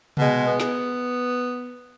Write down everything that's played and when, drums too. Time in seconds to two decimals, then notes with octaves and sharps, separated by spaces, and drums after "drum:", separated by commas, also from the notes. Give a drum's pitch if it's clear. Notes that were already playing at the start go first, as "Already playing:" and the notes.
0.17 B2 G#3, drum: tom C3
0.46 B3
0.60 drum: snare